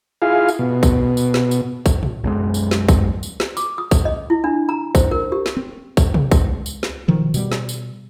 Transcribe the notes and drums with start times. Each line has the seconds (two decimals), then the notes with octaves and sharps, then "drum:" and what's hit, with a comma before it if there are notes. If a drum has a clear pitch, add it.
0.22 E4 F4 G#4 F5
0.48 drum: tambourine
0.59 B2
0.83 drum: kick, tambourine
1.17 drum: tambourine
1.34 drum: snare
1.51 drum: tambourine
1.86 drum: kick, tambourine
2.03 drum: tom
2.24 B1 F#2 G#3
2.54 drum: tambourine
2.71 drum: snare
2.89 drum: kick, tambourine
3.23 drum: tambourine
3.40 drum: snare
3.57 D6, drum: tambourine
3.78 D#6
3.91 drum: kick, tambourine
4.05 D#5
4.30 E4
4.44 D4
4.69 A#5
4.95 C5, drum: kick, tambourine
5.11 A#4
5.32 G4
5.46 drum: snare
5.57 C4
5.97 drum: kick, tambourine
6.14 drum: tom
6.32 drum: kick, tambourine
6.41 C#2
6.66 drum: tambourine
6.83 drum: snare
7.08 B2 D#3 F3
7.34 B2 G3, drum: tambourine
7.52 drum: snare
7.69 drum: tambourine